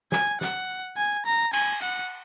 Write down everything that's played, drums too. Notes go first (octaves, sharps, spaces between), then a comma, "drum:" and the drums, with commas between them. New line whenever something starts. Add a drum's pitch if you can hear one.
G#5, drum: snare
F#5, drum: snare
G#5
A#5
G#5, drum: cymbal
F#5